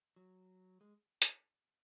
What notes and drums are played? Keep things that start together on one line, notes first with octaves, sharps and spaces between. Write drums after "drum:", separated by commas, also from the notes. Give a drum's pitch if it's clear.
F#3
G#3
drum: hi-hat